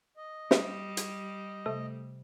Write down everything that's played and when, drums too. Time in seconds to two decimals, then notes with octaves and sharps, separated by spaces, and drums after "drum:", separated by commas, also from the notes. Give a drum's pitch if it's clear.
0.17 D#5
0.51 G3, drum: snare
0.97 drum: hi-hat
1.66 C3 A3